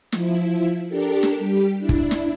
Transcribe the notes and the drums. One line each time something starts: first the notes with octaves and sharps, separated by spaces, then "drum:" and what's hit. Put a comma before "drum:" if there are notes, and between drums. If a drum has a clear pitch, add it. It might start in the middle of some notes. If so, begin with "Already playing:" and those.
F3 E4, drum: snare
D4 G4 A4 A#4
drum: snare
G3 G4
D4 E4
drum: kick
drum: snare